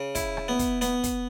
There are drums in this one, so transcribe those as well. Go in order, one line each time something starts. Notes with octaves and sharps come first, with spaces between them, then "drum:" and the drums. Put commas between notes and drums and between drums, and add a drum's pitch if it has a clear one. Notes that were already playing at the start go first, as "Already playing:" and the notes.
Already playing: C#3
E4, drum: kick, hi-hat
drum: rim click
B3
drum: kick, hi-hat
B3, drum: hi-hat
drum: kick, hi-hat